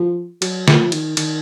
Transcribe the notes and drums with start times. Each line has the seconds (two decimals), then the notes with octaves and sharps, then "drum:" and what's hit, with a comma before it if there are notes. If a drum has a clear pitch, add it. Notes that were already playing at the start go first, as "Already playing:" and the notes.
Already playing: F3
0.42 F#3, drum: cymbal
0.68 F3, drum: snare
0.92 D#3, drum: cymbal
1.17 D#3, drum: cymbal